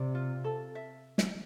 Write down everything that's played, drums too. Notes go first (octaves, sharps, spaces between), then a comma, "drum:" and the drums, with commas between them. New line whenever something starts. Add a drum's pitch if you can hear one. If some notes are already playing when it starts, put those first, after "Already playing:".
Already playing: C3 D5
F4
A4
E5
drum: snare